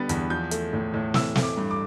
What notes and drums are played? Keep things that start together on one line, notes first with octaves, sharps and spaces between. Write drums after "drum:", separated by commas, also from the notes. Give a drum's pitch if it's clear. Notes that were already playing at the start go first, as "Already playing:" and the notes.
Already playing: D3 G3 B3 A6
E2, drum: hi-hat
F3 G6
A3, drum: hi-hat
A2
A2
E3 E6, drum: snare
A3, drum: snare
D6
G2
D6